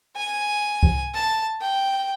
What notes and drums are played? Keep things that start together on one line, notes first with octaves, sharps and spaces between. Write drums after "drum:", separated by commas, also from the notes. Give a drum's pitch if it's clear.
G#5
drum: kick C2
A5
G5